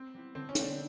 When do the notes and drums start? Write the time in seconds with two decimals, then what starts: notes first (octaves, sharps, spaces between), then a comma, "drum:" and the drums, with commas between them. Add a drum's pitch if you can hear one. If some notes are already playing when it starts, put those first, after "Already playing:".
Already playing: C4
0.14 G3 B3 E4
0.35 D3 C4
0.49 C#4
0.55 G3 B3 E4, drum: hi-hat
0.63 D4